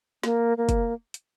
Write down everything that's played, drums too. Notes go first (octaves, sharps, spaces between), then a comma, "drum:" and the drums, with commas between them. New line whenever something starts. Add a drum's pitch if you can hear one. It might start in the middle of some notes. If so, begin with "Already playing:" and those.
A#3, drum: snare
A#3
drum: kick, hi-hat
drum: hi-hat